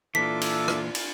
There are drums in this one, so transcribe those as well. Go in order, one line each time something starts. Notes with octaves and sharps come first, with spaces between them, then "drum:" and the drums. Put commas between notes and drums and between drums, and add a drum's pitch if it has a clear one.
A#2 E3 D4 F4 A4 E5 D6 B6
drum: cymbal
drum: rim click
drum: cymbal